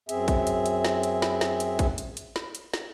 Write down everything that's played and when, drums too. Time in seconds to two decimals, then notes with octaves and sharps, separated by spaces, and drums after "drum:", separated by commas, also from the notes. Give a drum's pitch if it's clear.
0.09 F#2 C4 G#4 E5, drum: hi-hat
0.28 drum: kick, hi-hat
0.47 drum: hi-hat
0.66 drum: hi-hat
0.85 drum: snare
1.03 drum: hi-hat
1.22 drum: snare
1.41 drum: snare
1.60 drum: hi-hat
1.79 drum: kick, hi-hat
1.98 drum: hi-hat
2.17 drum: hi-hat
2.36 drum: snare
2.55 drum: hi-hat
2.74 drum: snare